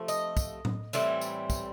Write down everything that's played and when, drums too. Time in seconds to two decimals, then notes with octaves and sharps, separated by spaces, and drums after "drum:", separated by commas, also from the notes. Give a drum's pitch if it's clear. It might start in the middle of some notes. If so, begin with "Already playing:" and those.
Already playing: C3 F3 A3
0.08 D#5, drum: tambourine
0.37 drum: kick, tambourine
0.65 drum: tom A2
0.93 A2 E3 G3 C4, drum: tambourine
1.21 drum: tambourine
1.50 drum: kick, tambourine